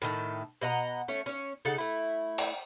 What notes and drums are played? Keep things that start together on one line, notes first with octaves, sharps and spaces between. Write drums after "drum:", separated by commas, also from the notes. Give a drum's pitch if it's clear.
A2 D#3 D#4 A5
B2 D#5 F#5 A#5
A3 C#4 C#5
C#4 C#5
C#3 D#4 A4 F#5
A3 E4
drum: open hi-hat